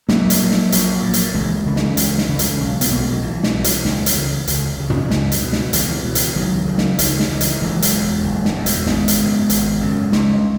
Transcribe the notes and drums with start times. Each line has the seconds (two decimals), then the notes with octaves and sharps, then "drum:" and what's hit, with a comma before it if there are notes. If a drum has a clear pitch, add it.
0.09 A#1 F#3 A#3, drum: snare
0.30 drum: hi-hat
0.41 A#2
0.51 drum: snare
0.72 A#1, drum: hi-hat
1.02 A#2
1.14 drum: hi-hat
1.34 C#2 E3 G#3
1.66 C#3
1.76 drum: snare
1.97 C#2, drum: hi-hat
2.18 drum: snare
2.29 C#3
2.39 drum: hi-hat
2.60 B1
2.81 B3, drum: hi-hat
2.91 B2 A#3
3.02 G#3
3.12 F#3
3.22 B1 E3
3.43 drum: snare
3.54 B2
3.64 drum: hi-hat
3.85 C#2, drum: snare
4.06 drum: hi-hat
4.16 C#3
4.47 C#2, drum: hi-hat
4.79 C#3
4.90 drum: tom
5.11 C#2, drum: snare
5.32 drum: hi-hat
5.42 B2
5.52 drum: snare
5.73 C#2 E3, drum: hi-hat
6.05 B2
6.15 drum: hi-hat
6.36 C#2 D#3 F#3
6.68 C#3
6.78 drum: snare
6.99 C#2 D#3, drum: hi-hat
7.20 drum: snare
7.30 C#3 E3
7.41 drum: hi-hat
7.61 F#1 E3 G#3
7.82 drum: hi-hat
7.93 E2 B2
8.24 F#1
8.45 drum: snare
8.56 E2 B2
8.66 drum: hi-hat
8.86 G#1 G#3 B3, drum: snare
9.08 drum: hi-hat
9.18 F#2 C#3
9.50 G#1, drum: hi-hat
9.80 F#2 C#3
10.12 C#2, drum: snare